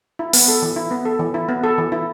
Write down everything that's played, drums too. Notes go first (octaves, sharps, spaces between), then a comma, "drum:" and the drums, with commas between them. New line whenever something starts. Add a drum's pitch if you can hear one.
E4
B3, drum: open hi-hat
A4
E3
E4
B3
A4
E3
E4
B3
A4
E3
E4